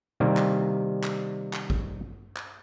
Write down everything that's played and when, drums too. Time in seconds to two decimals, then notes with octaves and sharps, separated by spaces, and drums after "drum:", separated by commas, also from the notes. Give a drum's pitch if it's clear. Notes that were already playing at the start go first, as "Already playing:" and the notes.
0.20 C3 D#3 G3 A#3
0.37 drum: clap
1.03 drum: clap
1.53 drum: clap
1.70 drum: kick G#1
2.36 drum: clap